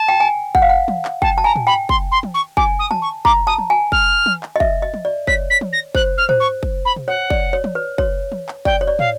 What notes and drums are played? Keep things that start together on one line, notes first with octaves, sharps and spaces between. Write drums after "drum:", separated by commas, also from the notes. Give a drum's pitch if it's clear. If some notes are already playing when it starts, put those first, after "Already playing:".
Already playing: A5
G5
G#5
F#5, drum: kick
F5
F#5
drum: tom
drum: clap
G5 A5, drum: kick
A5
G#5 A#5
drum: tom
G5 B5
C6, drum: kick
C6
drum: tom
C#6
G#5 D6, drum: kick
D#6
A5, drum: tom
C#6
A#5 D6, drum: kick
A5 D#6
drum: tom
G#5
F6, drum: kick
drum: tom
drum: clap
D#5
E5, drum: kick
D#5
drum: tom
D5
C#5 B6, drum: kick
B6
drum: tom
A#6
C5 F#6, drum: kick
F6
C5, drum: tom
C#6
drum: kick
B5
drum: tom
C#5 F#5
D5, drum: kick
C#5
drum: tom
B4
C#5, drum: kick
drum: tom
drum: clap
D5 G5, drum: kick
C#5
D5
F5, drum: tom